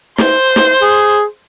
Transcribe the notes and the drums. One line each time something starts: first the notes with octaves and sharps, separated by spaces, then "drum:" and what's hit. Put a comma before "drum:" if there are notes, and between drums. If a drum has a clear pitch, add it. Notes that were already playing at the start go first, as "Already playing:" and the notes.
C5, drum: snare
drum: snare
G#4